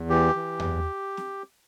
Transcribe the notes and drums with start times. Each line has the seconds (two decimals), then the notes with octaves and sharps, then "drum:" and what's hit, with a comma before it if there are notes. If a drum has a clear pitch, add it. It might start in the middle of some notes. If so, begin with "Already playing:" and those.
Already playing: E2
0.10 E3 G4
0.36 E3
0.60 E2, drum: tom E2
1.17 drum: snare C4